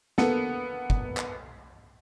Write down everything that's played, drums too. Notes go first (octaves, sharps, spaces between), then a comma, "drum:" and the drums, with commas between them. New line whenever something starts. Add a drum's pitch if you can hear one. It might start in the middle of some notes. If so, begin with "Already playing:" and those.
A#3 B3 A4, drum: snare
drum: kick
drum: clap